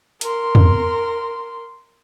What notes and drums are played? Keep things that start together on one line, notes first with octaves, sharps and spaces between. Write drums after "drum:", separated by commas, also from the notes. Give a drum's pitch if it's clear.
A#4 C6, drum: hi-hat
drum: tom E2